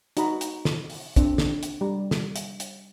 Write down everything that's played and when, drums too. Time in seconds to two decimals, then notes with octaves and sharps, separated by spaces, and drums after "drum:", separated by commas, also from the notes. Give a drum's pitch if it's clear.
0.17 D#4 F#4 D#5 A#5 B5, drum: hi-hat
0.41 drum: hi-hat
0.65 drum: snare
0.90 drum: open hi-hat
1.16 C4 D4, drum: kick, hi-hat
1.38 drum: snare
1.63 drum: hi-hat
1.81 G3
2.11 drum: snare
2.36 drum: hi-hat
2.60 drum: hi-hat